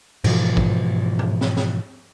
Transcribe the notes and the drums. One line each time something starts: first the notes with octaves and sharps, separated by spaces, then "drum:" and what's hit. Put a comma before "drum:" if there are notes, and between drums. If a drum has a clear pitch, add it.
G#2 B2 E3 F3, drum: cymbal
drum: kick
drum: tom A2
drum: snare
drum: snare